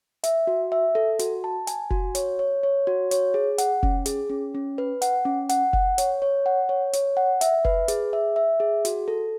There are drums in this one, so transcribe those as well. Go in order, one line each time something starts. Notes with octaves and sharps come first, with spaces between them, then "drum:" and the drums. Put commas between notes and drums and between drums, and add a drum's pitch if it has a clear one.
E5, drum: hi-hat
F#4
E5
A4
F#4, drum: hi-hat
A5
G#5, drum: hi-hat
F#4, drum: kick F1
C#5, drum: hi-hat
C#5
C#5
F#4
C#5, drum: hi-hat
G#4
F#5, drum: hi-hat
C#4, drum: kick F1
G#4, drum: hi-hat
C#4
C#4
B4
F#5, drum: hi-hat
C#4
F#5, drum: hi-hat
F#5, drum: kick F1
C#5, drum: hi-hat
C#5
F#5
C#5
C#5, drum: hi-hat
F#5
E5, drum: hi-hat
B4, drum: kick F1
G#4, drum: hi-hat
E5
E5
G#4
F#4, drum: hi-hat
A4